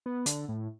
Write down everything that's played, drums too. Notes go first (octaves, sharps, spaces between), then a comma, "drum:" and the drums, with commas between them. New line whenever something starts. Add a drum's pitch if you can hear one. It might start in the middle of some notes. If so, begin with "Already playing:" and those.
B3
D3, drum: hi-hat
A2